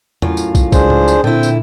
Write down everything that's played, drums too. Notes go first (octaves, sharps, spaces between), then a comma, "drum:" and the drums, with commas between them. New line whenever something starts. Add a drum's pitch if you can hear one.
F#2 A2 F4, drum: tom E2
drum: tambourine
drum: kick, tambourine
C#2 D4 G#4 C5, drum: kick, tambourine
drum: tom A2
drum: tambourine
A#2 D3 C4 E4 G5, drum: tom A2
drum: tambourine